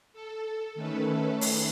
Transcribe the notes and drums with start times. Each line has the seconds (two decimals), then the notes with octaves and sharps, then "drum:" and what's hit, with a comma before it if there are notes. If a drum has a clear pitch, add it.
0.13 A4
0.75 D#3 A3 C#4 A4 B4
1.41 drum: open hi-hat